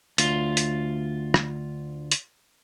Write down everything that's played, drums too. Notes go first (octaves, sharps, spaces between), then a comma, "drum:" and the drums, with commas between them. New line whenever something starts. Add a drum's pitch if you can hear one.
D2 F4, drum: hi-hat
drum: hi-hat
drum: rim click
drum: hi-hat